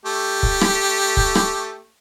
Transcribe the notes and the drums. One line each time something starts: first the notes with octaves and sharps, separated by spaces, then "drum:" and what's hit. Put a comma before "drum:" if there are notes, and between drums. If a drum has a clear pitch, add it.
A3 G4
drum: kick C#1
drum: rim click
drum: kick C#1
drum: rim click